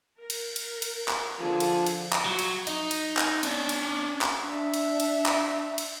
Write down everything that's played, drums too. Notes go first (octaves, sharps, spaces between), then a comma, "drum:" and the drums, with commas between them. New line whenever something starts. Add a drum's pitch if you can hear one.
A#4
drum: cymbal
drum: cymbal
drum: cymbal
drum: clap
D3 F3 G#4
drum: cymbal
drum: cymbal
drum: clap
F#3
drum: cymbal
D#4, drum: cymbal
drum: cymbal
drum: clap
C#4 D4, drum: cymbal
drum: cymbal
drum: clap
D4 E5
drum: cymbal
drum: cymbal
drum: clap
drum: cymbal